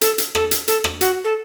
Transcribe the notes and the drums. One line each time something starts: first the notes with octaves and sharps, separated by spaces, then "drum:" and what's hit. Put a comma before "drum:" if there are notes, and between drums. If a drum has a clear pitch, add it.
A4, drum: hi-hat
drum: hi-hat
A4, drum: rim click
drum: hi-hat
A4, drum: hi-hat
drum: rim click
F#4, drum: hi-hat
A4